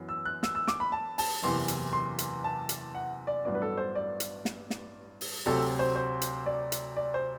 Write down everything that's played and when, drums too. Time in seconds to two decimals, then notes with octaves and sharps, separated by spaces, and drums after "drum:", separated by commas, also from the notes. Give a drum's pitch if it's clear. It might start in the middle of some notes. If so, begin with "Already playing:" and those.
Already playing: F#2 E3 B3
0.09 E6
0.25 F#6
0.43 E6, drum: snare
0.55 E6
0.68 D6, drum: snare
0.80 B5
0.92 A5
1.18 A5, drum: open hi-hat
1.42 F#1 E2 C3 E3 C6
1.68 drum: hi-hat
1.93 C6
2.19 drum: hi-hat
2.44 A5
2.69 drum: hi-hat
2.95 F#5
3.27 D5
3.45 A1 G2 F#3 B3 D4 D5
3.55 B4
3.62 A4
3.77 C5
3.95 D5
4.20 drum: hi-hat
4.45 drum: snare
4.70 drum: snare
5.21 drum: open hi-hat
5.46 D2 C3 F#3 C4 A4
5.79 C5
5.96 C5
6.22 drum: hi-hat
6.46 D5
6.72 drum: hi-hat
6.96 D5
7.14 C5